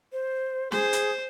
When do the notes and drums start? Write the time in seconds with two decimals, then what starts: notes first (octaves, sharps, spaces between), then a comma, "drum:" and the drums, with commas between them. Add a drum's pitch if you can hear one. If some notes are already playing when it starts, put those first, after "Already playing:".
0.12 C5
0.72 G#4 C5, drum: snare
0.93 drum: hi-hat